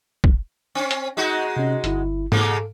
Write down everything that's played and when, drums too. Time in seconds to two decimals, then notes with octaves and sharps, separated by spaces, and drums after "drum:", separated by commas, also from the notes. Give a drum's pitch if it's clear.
0.24 drum: kick
0.75 C4 C#4
0.91 drum: hi-hat
1.17 G#3 D#4 F#4
1.57 C3 C#4
1.84 G1 E4, drum: hi-hat
2.32 A#2 C#3 A#3 A4, drum: tom G#2